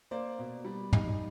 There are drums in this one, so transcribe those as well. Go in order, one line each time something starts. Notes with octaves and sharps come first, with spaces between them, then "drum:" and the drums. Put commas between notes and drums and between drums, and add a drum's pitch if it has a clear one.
A#3 C5 D5
B2
G3
D#4, drum: tom